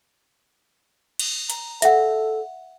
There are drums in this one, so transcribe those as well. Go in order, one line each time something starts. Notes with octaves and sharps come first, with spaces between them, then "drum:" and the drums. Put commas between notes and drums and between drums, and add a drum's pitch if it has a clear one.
drum: cymbal
A#5, drum: hi-hat
A4 E5 F#5, drum: hi-hat